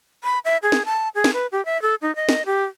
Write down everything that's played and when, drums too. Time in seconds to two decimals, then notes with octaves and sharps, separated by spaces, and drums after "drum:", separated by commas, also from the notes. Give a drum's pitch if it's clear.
0.24 B5
0.45 E5
0.63 G#4
0.72 drum: snare
0.85 A5
1.15 G#4
1.24 drum: snare
1.33 B4
1.52 G4
1.65 E5
1.82 A4
2.02 D#4
2.16 D#5
2.29 drum: snare
2.46 G4